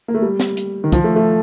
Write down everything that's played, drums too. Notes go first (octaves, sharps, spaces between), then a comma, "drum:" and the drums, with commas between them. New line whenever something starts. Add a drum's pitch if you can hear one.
A#3
A3
G3
drum: snare
drum: hi-hat
D#3
F3, drum: kick, hi-hat
A3
A3